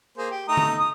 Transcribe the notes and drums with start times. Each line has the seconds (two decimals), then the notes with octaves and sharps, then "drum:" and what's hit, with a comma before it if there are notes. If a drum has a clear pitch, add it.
0.17 A#3 G#4 C5
0.31 G4
0.48 A3 D#4 A#5 D#6
0.57 drum: tom D3
0.78 D#6